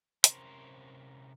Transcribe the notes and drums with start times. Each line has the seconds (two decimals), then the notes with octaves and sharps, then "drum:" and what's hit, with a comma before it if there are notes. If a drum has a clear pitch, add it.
0.24 C3 C#4 E4 A#4 C5, drum: hi-hat